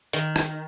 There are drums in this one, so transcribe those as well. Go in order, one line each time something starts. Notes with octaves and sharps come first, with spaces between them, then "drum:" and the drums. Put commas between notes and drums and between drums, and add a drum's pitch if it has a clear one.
D#3, drum: hi-hat
drum: rim click